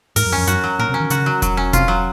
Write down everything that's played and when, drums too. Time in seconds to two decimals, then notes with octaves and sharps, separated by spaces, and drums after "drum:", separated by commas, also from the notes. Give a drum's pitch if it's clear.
0.16 G#2 A#4, drum: open hi-hat
0.26 F#2
0.32 F2 C#4
0.47 F#2 F#4, drum: hi-hat
0.64 F#3
0.79 A#2 A#4
0.89 C3
0.94 C#4
1.00 D#3
1.10 C#3 F#4, drum: hi-hat
1.26 F#3
1.42 F#3, drum: kick E1, hi-hat
1.57 C#4
1.73 C3 F4, drum: kick E1, hi-hat
1.88 F#3